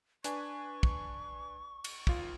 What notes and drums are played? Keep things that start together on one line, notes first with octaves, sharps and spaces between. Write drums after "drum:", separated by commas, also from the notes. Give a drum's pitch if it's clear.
D4 B4 G#5 C#6, drum: hi-hat
drum: kick
drum: cymbal
G#1 F4, drum: kick